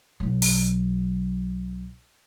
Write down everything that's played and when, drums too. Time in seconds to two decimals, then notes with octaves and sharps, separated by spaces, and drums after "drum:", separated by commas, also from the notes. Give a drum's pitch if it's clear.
0.20 B1 F#3
0.42 drum: open hi-hat